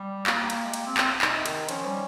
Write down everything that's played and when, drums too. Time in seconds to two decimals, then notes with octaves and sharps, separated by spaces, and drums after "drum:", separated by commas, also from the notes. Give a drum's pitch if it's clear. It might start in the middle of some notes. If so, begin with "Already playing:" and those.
Already playing: G3
0.27 A#3 G4, drum: clap
0.50 A#3, drum: cymbal
0.66 G#3
0.74 A#3, drum: cymbal
0.87 C4
0.97 C4, drum: clap
1.22 C3 D#4, drum: clap
1.46 D#3, drum: cymbal
1.69 F3 C#4, drum: cymbal
1.85 G3